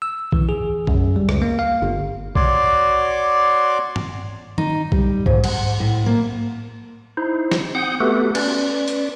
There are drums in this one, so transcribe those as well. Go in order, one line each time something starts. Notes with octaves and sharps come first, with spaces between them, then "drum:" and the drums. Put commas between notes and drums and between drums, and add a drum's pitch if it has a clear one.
E6
E3, drum: kick B1
G#4
F#2, drum: kick B1
G3
C#2, drum: rim click
A#3
F5
G1
F#4 C#5 D5 C6 D6, drum: kick B1
drum: tom
D#4, drum: tom D#3
G3, drum: kick B1
G#2, drum: kick B1
F#5, drum: cymbal
A2
A#3
D#4 E4 C5
drum: snare
C4 F#5 D#6 G6
A3 B3 F#4 G4 A4 B4
C#4 B4 D5, drum: cymbal
drum: hi-hat